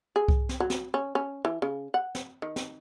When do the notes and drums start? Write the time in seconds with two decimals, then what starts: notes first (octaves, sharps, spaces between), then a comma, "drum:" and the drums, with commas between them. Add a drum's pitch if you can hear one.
0.16 G#4
0.28 drum: kick C2
0.49 drum: snare
0.60 F#3
0.70 drum: snare
0.94 C#4
1.15 C#4
1.45 E3
1.62 C#3
1.94 F#5
2.15 drum: snare
2.42 D#3
2.56 drum: snare